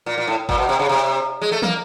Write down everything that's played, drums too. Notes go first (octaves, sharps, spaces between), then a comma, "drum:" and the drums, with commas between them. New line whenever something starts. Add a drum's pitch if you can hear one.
A#2
A#2
A2
A#2, drum: kick G1
B2
C3
C#3
C3
G#3
A3
A#3, drum: tom